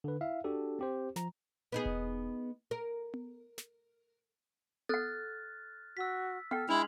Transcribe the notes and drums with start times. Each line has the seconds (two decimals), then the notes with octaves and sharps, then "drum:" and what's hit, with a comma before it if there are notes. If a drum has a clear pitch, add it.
0.04 D3 B4
0.21 E4 E5 F5
0.44 D4 F#4 G4 A4
0.79 C4 G4 C5
1.16 F3 A#5, drum: snare
1.72 B3 D#4 G#4
1.85 drum: kick E1
2.71 A#4
3.14 drum: tom B3
3.58 drum: snare
4.89 A4 F#5 F6 F#6 A6, drum: tom B3
5.97 F#4 E6 B6
6.51 A4 F#5 G5 F6, drum: tom B3
6.69 G#3 D4 E4 F7 F#7